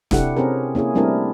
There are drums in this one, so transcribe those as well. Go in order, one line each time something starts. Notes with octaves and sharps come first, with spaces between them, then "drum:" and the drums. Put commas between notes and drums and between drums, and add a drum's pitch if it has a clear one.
C3 D4 E4 G4 A4 F#5, drum: snare
C4 C#4 G4 G#4 A#4
A#3 C#4 E4 G#4
G3 A3 C4 D4 E4 A#4